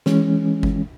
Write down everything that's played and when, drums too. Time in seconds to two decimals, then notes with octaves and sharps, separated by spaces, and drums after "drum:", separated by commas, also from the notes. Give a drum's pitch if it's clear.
0.06 E3 G#3 C#4, drum: snare
0.63 drum: kick G1